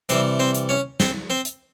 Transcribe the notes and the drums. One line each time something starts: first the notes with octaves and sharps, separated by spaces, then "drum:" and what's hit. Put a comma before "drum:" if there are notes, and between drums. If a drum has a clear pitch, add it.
C3 E3 G3 C4 C5, drum: hi-hat
C4 C5
drum: hi-hat
C#4 C#5
C4 C5, drum: snare
C4 C5
drum: hi-hat